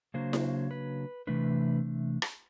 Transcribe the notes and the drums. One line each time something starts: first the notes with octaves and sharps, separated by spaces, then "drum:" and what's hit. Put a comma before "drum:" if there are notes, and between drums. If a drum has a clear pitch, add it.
C#3 F#3 A#3 D4 C5
drum: snare E4
B4
C3 E3 A3 D4 B4
drum: rim click